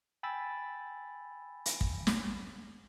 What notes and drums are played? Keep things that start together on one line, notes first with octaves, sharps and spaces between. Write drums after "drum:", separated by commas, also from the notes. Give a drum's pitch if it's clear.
G5 G#5 B5 E6 A6
drum: hi-hat
drum: kick
drum: snare